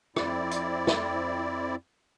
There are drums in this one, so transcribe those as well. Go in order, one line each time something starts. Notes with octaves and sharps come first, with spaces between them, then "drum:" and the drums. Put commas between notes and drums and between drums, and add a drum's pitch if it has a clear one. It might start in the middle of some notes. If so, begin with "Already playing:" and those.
F2 C4 E4 D5, drum: rim click
drum: hi-hat
drum: snare